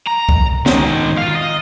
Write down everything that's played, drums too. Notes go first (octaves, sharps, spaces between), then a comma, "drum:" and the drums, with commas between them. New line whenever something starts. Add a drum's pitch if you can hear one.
A#5
drum: kick C2
D#3 G#3, drum: snare
F4 F5
D#5